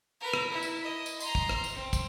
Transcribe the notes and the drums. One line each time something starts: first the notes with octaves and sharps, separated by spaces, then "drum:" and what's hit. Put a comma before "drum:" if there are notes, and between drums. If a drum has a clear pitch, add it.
A#4 B4
drum: rim click
E4
drum: tambourine
D#5
drum: tambourine
A#5 C6, drum: tambourine
drum: kick
drum: rim click
drum: tambourine
C4
drum: kick, tambourine